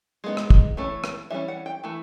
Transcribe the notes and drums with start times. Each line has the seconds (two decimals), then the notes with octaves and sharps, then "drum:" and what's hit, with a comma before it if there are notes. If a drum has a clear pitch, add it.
0.24 G#3 B3 D#4
0.37 drum: rim click
0.50 drum: kick
0.77 E3 A3 C#4
1.04 drum: rim click
1.30 E3 G3 C#4 E5
1.48 F#5
1.66 G5
1.84 E3 A3